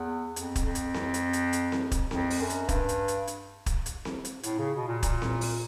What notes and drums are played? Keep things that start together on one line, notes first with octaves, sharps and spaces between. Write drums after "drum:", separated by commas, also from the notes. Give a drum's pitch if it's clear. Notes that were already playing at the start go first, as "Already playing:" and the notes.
Already playing: E2
F2, drum: hi-hat
drum: kick, hi-hat
F2
drum: hi-hat
drum: snare C4
drum: hi-hat
drum: hi-hat
drum: hi-hat
drum: snare C4
drum: kick, hi-hat
F2, drum: snare C4
drum: open hi-hat
F#2
drum: hi-hat
G2, drum: kick, hi-hat
drum: hi-hat
drum: hi-hat
drum: hi-hat
drum: kick, hi-hat
drum: hi-hat
drum: snare C4
drum: hi-hat
A2, drum: hi-hat
C#3
B2
A#2
A#2, drum: kick, hi-hat
drum: snare C4
drum: open hi-hat